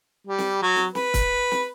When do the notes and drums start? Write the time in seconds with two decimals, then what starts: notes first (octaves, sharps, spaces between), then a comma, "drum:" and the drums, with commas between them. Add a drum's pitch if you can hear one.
0.27 G3
0.38 drum: snare
0.62 F#3
0.76 drum: snare
0.95 B4, drum: snare
1.14 drum: kick, hi-hat
1.52 drum: snare